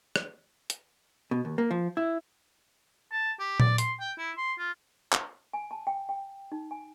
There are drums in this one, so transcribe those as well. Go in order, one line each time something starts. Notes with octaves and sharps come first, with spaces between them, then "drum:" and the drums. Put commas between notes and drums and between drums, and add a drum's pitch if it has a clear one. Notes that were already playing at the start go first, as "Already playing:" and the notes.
drum: rim click
drum: hi-hat
B2
D#2
A#3
F3
E4
A5
G4
D5, drum: tom A#2
C6, drum: hi-hat
G5
E4
C6
F4
drum: clap
G#5
A5
G5
G5
D#4
G#5